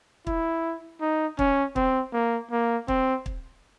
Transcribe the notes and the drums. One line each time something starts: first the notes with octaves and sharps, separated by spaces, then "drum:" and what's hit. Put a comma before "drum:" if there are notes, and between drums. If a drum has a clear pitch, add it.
E4, drum: kick
D#4
C#4, drum: kick
C4, drum: kick
A#3
A#3
C4, drum: kick
drum: kick